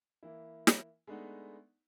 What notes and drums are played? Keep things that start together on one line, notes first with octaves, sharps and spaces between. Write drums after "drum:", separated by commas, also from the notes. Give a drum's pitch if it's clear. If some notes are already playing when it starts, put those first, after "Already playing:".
E3 A#3 E4
drum: snare
G#3 A3 B3 D4 D#4 F#5